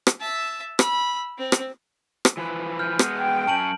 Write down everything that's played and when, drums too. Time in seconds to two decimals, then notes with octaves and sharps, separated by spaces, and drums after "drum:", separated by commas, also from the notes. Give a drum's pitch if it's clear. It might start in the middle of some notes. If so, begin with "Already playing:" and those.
0.07 drum: rim click
0.20 E5 A5
0.79 B5 E6, drum: rim click
1.38 C4
1.52 drum: rim click
2.25 drum: rim click
2.37 E3 F3 B4
2.79 F6 G6
2.99 G#3 B3, drum: rim click
3.17 G5
3.47 F#2 C#4 A5 D7 F#7